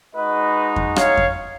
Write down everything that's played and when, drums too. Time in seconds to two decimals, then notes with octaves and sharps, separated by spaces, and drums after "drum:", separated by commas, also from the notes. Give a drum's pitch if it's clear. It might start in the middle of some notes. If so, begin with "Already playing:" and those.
0.14 G#3 D#4 F#4 B4 D#5
0.76 drum: kick F2
0.96 C#5 F5, drum: rim click
1.17 drum: kick F2